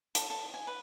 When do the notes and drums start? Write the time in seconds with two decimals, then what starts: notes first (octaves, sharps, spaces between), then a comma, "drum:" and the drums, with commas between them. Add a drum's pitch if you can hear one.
0.15 A4, drum: hi-hat
0.30 A4
0.54 G#5
0.67 B4